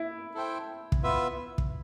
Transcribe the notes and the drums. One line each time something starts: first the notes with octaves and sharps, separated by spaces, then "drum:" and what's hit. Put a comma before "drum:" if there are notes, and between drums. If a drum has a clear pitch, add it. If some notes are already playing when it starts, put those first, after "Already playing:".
Already playing: E4
E4 A4 C5 G5
drum: kick
B3 F4 B4 E5
drum: kick